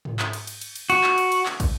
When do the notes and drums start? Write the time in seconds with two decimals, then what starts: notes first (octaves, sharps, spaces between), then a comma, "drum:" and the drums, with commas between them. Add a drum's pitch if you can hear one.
0.05 drum: tom G#2
0.19 drum: clap
0.33 drum: cymbal
0.47 drum: cymbal
0.61 drum: cymbal
0.76 drum: cymbal
0.90 F#4, drum: cymbal
1.04 drum: clap
1.18 drum: cymbal
1.32 drum: cymbal
1.46 drum: clap
1.60 drum: kick, cymbal